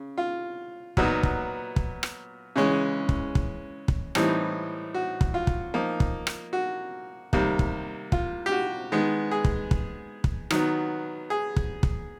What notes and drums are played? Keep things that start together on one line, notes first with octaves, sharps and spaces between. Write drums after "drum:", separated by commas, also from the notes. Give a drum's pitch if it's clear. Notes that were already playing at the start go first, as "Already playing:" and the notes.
Already playing: C#3
F4
A#2 F#3 B3 D#4 F#4, drum: kick
drum: kick
drum: kick
drum: rim click
C#3 E3 G#3 C#4
drum: kick
drum: kick
drum: kick
A2 E3 G3 C4 D#4, drum: rim click
F#4
drum: kick
F4
drum: kick
F3 A#3 D#4
drum: kick
drum: rim click
F#4
C3 D#3 G3 A#3, drum: kick
drum: kick
F4, drum: kick
G4
F#4
D#3 G#3 B3
G#4
drum: kick
drum: kick
drum: kick
D#3 F#3 B3, drum: rim click
G#4
drum: kick
drum: kick